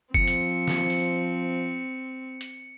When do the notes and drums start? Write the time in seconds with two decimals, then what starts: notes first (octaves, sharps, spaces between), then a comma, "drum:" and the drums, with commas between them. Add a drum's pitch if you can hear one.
0.14 F3 C4 C#7, drum: kick
0.28 drum: hi-hat
0.68 drum: snare
0.90 drum: open hi-hat
2.41 drum: hi-hat